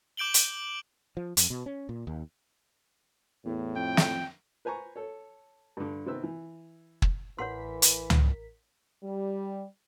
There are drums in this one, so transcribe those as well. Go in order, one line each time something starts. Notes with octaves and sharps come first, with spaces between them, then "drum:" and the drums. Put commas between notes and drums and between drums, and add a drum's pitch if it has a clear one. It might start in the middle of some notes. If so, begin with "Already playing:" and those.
D6 G6 D7 F#7 G7
drum: hi-hat
F3
F2, drum: hi-hat
B2
C#4
A#2
D#2
E2 A2
F2 G5
drum: snare
B4 C5 G#5 A#5 C#6
A4 C#5
G2 D3
C3 D#3 B3 C4 B4 E6
E3
drum: kick
A1 E3 A#4 C#5 F#5 C6 B6
drum: hi-hat
drum: tom
G3